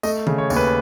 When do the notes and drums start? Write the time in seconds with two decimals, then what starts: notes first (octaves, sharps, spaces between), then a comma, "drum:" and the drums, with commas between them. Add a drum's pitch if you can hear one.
0.03 A3 D#5, drum: tambourine
0.27 C#3, drum: tom D#3
0.38 C#5
0.50 D#2, drum: tambourine
0.56 B4